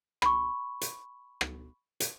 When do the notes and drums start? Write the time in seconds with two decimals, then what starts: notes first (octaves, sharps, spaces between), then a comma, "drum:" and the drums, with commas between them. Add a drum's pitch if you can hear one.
0.22 B5 C#6, drum: rim click
0.81 drum: hi-hat
1.41 drum: rim click
2.00 drum: hi-hat